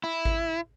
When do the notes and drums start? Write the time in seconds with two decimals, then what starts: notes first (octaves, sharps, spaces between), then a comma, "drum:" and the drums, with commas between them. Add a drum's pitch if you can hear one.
0.04 E4
0.25 drum: kick G#1